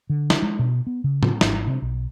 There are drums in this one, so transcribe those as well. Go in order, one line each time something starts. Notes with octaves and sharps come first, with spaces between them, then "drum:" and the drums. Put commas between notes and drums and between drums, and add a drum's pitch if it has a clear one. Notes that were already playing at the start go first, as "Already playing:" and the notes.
D3
drum: snare
G#3
B2
B3
C#3
drum: tom A2
G#1, drum: snare
C3
B1